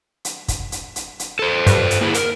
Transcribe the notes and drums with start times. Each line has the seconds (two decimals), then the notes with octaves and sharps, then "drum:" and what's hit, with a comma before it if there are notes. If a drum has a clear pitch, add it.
0.25 drum: hi-hat
0.48 drum: kick, hi-hat
0.72 drum: hi-hat
0.96 drum: hi-hat
1.19 drum: hi-hat
1.39 A4 C5
1.67 G2, drum: hi-hat
1.91 drum: hi-hat
2.01 A#3 E4 G#4
2.14 A#4, drum: hi-hat